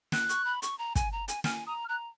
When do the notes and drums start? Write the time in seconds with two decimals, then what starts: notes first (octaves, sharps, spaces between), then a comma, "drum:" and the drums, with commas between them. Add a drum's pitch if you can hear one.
0.12 F#6, drum: snare
0.29 C#6, drum: hi-hat
0.45 B5
0.62 C#6, drum: hi-hat
0.78 A#5
0.95 G#5, drum: kick, hi-hat
1.12 A#5
1.28 G#5, drum: hi-hat
1.44 G#5 F6, drum: snare
1.66 A#5 D#6
1.84 F6
1.88 A#5 F#6